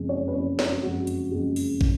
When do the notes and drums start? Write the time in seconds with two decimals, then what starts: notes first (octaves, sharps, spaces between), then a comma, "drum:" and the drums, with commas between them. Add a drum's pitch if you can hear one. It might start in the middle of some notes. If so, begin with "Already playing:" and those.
Already playing: F#1 F2 C#3 G#3
0.09 C#5
0.28 B4
0.34 F#1 F2 C#3 G#3 C#5
0.59 C#5, drum: snare
0.70 F#4
0.82 F#1 F2 C#3 G#3 F#4
1.07 drum: hi-hat
1.31 F#1 F2 C#3 G#3
1.56 drum: open hi-hat
1.81 drum: kick